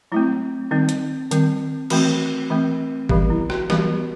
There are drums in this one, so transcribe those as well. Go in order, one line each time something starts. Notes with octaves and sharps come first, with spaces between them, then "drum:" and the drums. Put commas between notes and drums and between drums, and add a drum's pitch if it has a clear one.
F#3 A3 C4 E4
D#3 G3 C4 D#4
drum: hi-hat
D#3 G3 C4, drum: hi-hat
E3 A3 C4 F#4, drum: cymbal
E3 A3 C4
E3 G3 B3 G4, drum: kick
E4
F#4, drum: rim click
E3 G3 B3 G4, drum: snare